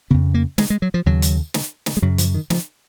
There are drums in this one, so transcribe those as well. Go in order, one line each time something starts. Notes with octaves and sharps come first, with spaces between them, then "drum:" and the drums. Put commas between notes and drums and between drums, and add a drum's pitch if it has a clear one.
F2 C#3 B3
A#3
G#3, drum: snare
G#3
F#3
F3
D#2 C#3 F#3
drum: hi-hat
drum: snare
drum: snare
G#3
F#2 C#3 F#3
F3, drum: hi-hat
D#3
F3, drum: snare